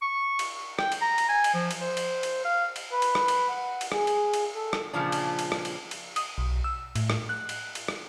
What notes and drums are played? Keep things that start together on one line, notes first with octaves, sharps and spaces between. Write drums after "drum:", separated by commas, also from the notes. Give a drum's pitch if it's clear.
C#6
drum: cymbal
G5, drum: rim click
drum: cymbal
A#5
drum: cymbal
G#5
drum: cymbal
F3
drum: cymbal
C5
drum: cymbal
drum: cymbal
F5
drum: cymbal
B4
drum: cymbal
drum: rim click
drum: cymbal
F#5
drum: cymbal
G#4, drum: rim click
drum: cymbal
drum: cymbal
A4
drum: rim click
A#2 C#3 F3 D4
drum: cymbal
drum: cymbal
drum: rim click
drum: cymbal
drum: cymbal
D#6, drum: cymbal
B1
E6
A2, drum: cymbal
drum: rim click
F#6
drum: cymbal
drum: cymbal
drum: rim click